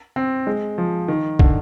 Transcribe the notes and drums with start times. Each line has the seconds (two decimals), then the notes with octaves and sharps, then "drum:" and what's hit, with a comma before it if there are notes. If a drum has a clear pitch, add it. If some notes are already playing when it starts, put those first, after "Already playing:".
0.16 C4
0.47 G#3
0.78 F3
1.08 D#3
1.39 D3, drum: kick